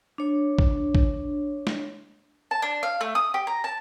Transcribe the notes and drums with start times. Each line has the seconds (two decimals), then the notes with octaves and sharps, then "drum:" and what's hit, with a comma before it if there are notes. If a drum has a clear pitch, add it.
0.18 D4 C#5
0.59 drum: kick
0.95 drum: kick
1.67 drum: snare
2.51 A5
2.62 D4
2.83 F5
3.01 A3
3.15 D#6
3.34 G4
3.47 A#5
3.64 A5